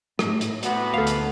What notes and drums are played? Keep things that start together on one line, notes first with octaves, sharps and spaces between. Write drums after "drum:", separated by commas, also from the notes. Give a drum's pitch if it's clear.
A2, drum: rim click
drum: hi-hat
C3 E3 A3 B3 F#4, drum: hi-hat
D2 A4 F5
drum: hi-hat